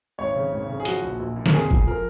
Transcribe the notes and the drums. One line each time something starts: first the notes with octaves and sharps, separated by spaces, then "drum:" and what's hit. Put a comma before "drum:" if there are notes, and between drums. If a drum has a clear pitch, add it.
G#1 C#5
C#3
G#1
C#3
G#4
F3 F#4, drum: hi-hat
A#1
A#1
A#2
A#4, drum: snare
F2 G#4
F3, drum: kick G1
F3 A#4